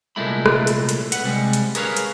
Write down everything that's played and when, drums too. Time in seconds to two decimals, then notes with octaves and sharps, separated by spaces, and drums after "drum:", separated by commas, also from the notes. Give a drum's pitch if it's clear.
0.16 C2 A#2 G#3 A3 E4 B5
0.46 drum: rim click
0.67 drum: hi-hat
0.89 drum: hi-hat
1.12 B4 F#5, drum: hi-hat
1.24 C3 G3 G#3
1.53 drum: hi-hat
1.75 G#4 A#4 B4 C#5 D#5 F5, drum: hi-hat
1.97 drum: hi-hat